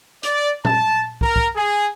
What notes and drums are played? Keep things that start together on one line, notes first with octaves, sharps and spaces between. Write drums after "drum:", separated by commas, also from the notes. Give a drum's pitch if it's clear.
D5, drum: hi-hat
A5, drum: tom A#2
A#4, drum: kick
drum: kick
G#4